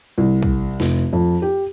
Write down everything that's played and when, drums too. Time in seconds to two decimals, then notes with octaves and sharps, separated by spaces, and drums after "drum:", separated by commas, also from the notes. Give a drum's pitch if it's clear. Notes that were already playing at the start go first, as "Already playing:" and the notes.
0.18 C2
0.43 drum: kick
0.80 F1, drum: snare
1.13 F2
1.42 G4